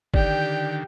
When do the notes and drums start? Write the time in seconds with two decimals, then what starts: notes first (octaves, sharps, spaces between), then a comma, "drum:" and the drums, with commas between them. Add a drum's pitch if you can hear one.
0.14 D3 D#3 G4 D5 G5, drum: kick